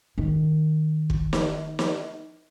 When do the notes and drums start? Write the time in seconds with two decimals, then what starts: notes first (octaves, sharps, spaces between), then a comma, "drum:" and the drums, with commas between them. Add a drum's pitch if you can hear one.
0.18 D#3 D#4
1.10 drum: kick
1.33 drum: snare
1.79 drum: snare